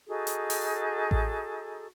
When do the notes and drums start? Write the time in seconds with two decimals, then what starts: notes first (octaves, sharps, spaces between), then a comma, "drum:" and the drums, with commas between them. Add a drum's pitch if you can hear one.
0.07 D#4 F#4 G#4 A4
0.27 drum: hi-hat
0.50 drum: open hi-hat
1.11 drum: kick A1